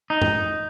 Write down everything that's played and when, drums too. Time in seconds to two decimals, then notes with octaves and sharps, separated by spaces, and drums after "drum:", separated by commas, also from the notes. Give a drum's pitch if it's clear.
0.10 D#4
0.22 drum: tom F#2